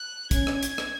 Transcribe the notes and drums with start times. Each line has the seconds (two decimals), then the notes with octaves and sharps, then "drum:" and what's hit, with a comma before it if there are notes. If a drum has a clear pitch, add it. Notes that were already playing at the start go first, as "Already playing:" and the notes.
Already playing: F#6
0.31 C#4 G#6, drum: kick, hi-hat
0.47 drum: rim click
0.63 drum: hi-hat
0.78 drum: rim click